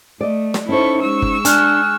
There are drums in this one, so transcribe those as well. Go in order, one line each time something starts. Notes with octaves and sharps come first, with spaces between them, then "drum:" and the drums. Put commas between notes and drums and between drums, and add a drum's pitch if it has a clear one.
A3 D5 D#5
drum: snare
C#4 D#4 E4 A4 C5 C#6
G#3 C#6 E6
drum: kick G1
D4 G#5 F6 F#6, drum: hi-hat